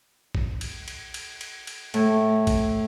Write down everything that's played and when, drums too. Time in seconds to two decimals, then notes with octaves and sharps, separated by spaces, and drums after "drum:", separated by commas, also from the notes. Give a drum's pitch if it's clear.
0.35 drum: kick A#1
0.61 drum: cymbal
0.88 drum: cymbal
1.14 drum: cymbal
1.41 drum: cymbal
1.67 drum: cymbal
1.94 A2, drum: cymbal
2.47 drum: kick A#1, cymbal